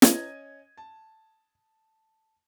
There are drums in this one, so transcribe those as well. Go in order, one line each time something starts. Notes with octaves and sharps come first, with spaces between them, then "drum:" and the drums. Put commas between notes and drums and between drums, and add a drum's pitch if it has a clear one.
C#4 D#5 G#6 D#7, drum: snare
A5